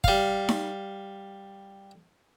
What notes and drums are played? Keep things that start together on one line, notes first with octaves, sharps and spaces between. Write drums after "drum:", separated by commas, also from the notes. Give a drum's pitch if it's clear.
G3 F5, drum: kick
drum: snare D#4